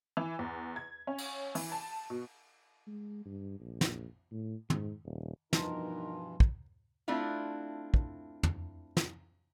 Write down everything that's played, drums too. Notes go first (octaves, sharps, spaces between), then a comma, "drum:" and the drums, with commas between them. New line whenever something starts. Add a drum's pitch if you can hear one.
E3
E2
G#6
C#4
drum: cymbal
E3, drum: open hi-hat
A5
B2
G#3
G2
A#1
drum: snare
A2
G#2, drum: tom
D#1
G2 B2 E3 F3 D#4 A#4 A5 C6, drum: snare
drum: kick
A3 C4 D4 E4 F4
drum: kick
drum: tom
drum: snare